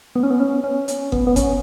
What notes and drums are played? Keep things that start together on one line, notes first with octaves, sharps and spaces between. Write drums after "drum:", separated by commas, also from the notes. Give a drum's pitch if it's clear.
B3
C#4
B3
C#4
C#4
C#4, drum: hi-hat
B3, drum: kick G1
B3
C#4, drum: kick G1, hi-hat